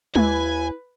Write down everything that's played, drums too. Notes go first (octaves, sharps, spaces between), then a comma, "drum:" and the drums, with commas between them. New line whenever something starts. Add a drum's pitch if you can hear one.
D#2 E4 B4 G#5, drum: tom G#3